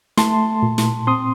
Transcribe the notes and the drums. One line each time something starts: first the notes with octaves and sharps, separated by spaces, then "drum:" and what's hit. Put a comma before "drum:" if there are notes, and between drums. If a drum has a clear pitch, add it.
A3 A5 C6, drum: snare
A#2
drum: snare
C4 C6 D#6